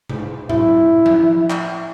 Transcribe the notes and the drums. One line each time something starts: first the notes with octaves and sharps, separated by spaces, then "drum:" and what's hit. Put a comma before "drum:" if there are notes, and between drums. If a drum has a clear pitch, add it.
drum: tom C3
E4, drum: tom A2
drum: tom F3
drum: clap